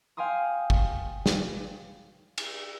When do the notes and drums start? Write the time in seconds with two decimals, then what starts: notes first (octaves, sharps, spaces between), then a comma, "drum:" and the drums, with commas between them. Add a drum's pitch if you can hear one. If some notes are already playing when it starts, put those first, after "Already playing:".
0.17 F5 G5 G#5 C6 D#6
0.70 drum: kick G#1
1.26 drum: snare
2.38 drum: cymbal